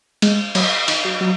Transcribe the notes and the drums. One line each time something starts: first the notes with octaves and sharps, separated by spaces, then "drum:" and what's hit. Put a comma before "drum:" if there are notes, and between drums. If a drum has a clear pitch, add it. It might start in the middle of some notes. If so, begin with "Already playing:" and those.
G#3, drum: cymbal
F#3, drum: cymbal
D#3, drum: cymbal
F#3
F#3